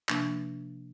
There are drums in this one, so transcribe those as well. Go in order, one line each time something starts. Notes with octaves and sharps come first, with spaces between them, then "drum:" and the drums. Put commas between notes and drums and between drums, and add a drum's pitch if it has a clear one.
C3 F3 A#3 D4, drum: clap